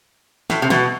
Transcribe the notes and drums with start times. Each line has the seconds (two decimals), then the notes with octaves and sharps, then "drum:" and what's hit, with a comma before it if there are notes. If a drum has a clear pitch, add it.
0.50 A2, drum: snare
0.62 C3
0.70 B2, drum: snare